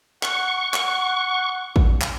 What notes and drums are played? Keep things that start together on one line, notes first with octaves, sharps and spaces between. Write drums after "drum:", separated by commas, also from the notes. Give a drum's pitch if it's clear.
F#5 C#6, drum: clap
drum: clap
drum: kick
drum: clap